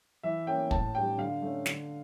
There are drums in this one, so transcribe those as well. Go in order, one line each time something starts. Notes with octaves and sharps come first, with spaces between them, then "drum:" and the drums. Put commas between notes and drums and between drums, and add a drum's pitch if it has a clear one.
E3 E5
A#3 C#4 G5
A2 A5, drum: kick
G3 D4 G5
D3 F5
A3 C#4
D3, drum: snare